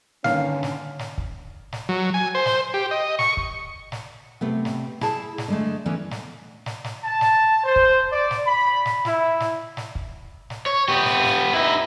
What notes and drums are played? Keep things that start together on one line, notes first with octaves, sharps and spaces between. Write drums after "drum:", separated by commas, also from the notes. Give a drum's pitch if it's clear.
G2 D3 D#3 A#3 C#4 F5, drum: snare
drum: snare
drum: snare
drum: kick
drum: snare
F#3
G#5
C5
drum: snare
G4
D#5
C#6, drum: snare
drum: kick
drum: snare
C3 A3 B3
drum: snare
E4 G#4 A5, drum: snare
drum: snare
D3 G#3 A3
D3 E3 B3 C#4
drum: snare
drum: snare
drum: snare
A5
drum: snare
C5
drum: kick
D5
drum: snare
B5
drum: snare
E4, drum: snare
drum: snare
drum: snare
drum: kick
drum: snare
C#5
B3 G4
drum: snare
drum: snare
D#4 E4